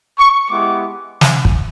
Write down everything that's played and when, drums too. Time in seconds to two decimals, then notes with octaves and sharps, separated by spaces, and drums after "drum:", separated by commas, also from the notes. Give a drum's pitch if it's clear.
0.19 C#6
0.50 G#3 B3 E4 G4 D6
1.21 drum: snare
1.45 drum: kick